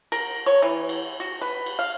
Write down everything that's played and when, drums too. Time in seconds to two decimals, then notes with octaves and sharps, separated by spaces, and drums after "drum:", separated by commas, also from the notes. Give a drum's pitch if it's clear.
0.12 A#4, drum: cymbal
0.46 C#5
0.62 E3
0.89 drum: cymbal
1.20 F#4
1.42 B4
1.66 drum: cymbal
1.79 F5